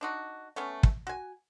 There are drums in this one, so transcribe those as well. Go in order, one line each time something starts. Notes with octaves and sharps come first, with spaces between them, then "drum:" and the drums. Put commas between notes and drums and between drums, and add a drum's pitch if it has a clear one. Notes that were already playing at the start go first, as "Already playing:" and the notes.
D4 D#4 F#4
A3 B3 C#4
drum: kick
F#4 G#5